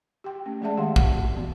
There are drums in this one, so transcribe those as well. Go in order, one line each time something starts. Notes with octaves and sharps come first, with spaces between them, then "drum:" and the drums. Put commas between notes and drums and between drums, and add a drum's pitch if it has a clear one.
G4 G5
A3 C#4
F3 G#3 G#4 D5 E5 A5
D#3 A3 G4 F5 F#5 C6
drum: kick
G4
E3 F3 B3 F#4